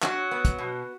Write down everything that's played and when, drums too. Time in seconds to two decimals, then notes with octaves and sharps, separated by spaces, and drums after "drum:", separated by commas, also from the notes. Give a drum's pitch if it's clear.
0.02 F#3 F#4, drum: clap
0.31 B3
0.45 drum: kick, hi-hat
0.59 B2